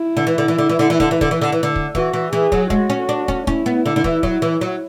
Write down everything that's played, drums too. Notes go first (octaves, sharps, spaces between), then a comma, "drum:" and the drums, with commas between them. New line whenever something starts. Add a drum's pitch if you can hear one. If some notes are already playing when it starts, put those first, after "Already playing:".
Already playing: E4
D3
E3
D3
E3
D3
E3
D3
E3
D3, drum: kick
E3
D3, drum: kick
E3
D3
E3
D3
drum: kick
E3 F#4, drum: kick
E3
E3 G#4
F#3, drum: kick
G#3 F#4, drum: kick
C#4
D4
C#4, drum: kick
C#4 E4, drum: kick
B3
D3
D3
E3, drum: kick
F#3, drum: kick
E3
F#3